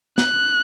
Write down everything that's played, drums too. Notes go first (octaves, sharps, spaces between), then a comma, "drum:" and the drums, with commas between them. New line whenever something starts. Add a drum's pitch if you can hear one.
F#6, drum: snare